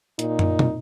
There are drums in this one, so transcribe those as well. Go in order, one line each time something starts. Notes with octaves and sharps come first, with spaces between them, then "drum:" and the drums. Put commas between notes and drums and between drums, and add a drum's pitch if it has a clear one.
A#2 D#4, drum: hi-hat
drum: tom
drum: tom